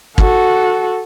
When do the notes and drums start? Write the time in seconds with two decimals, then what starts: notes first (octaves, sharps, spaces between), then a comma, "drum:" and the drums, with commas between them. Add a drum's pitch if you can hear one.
0.18 F#4 A4, drum: kick